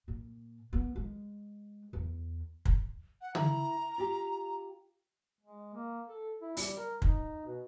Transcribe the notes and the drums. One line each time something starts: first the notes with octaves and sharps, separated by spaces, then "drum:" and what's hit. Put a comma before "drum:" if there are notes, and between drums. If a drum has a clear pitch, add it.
A#2
B3
G#3
E2
drum: kick
F#5
E4 A#5, drum: tom
F4 G4
G#3
A#3
A4
E4
G3, drum: open hi-hat
A#4
D#4, drum: kick
B2